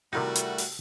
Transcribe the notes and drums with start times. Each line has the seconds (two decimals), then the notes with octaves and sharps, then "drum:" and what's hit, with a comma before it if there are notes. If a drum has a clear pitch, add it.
0.13 C3 D#3 G3 A3 D#4 E4 F#4 A#4
0.35 drum: hi-hat
0.58 drum: open hi-hat